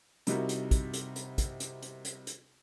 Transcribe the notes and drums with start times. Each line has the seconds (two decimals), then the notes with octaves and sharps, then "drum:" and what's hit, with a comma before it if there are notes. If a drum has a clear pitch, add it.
0.27 C3 G3 D#4 E4 F#4 A#4, drum: hi-hat
0.49 drum: hi-hat
0.71 drum: kick, hi-hat
0.94 drum: hi-hat
1.16 drum: hi-hat
1.38 drum: kick, hi-hat
1.60 drum: hi-hat
1.83 drum: hi-hat
2.05 drum: hi-hat
2.27 drum: hi-hat